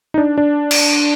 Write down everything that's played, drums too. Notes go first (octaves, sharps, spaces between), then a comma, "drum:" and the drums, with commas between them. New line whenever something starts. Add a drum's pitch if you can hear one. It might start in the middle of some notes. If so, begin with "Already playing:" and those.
D#4
D4
D4
drum: cymbal